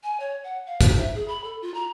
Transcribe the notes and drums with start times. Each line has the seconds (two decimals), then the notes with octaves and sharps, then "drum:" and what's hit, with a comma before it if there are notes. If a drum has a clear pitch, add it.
0.03 G#5
0.20 C#5
0.44 F#5
0.67 F5
0.81 C5, drum: kick, hi-hat
0.97 E5
1.15 G#4
1.28 B5
1.44 A4
1.62 F4
1.74 A#5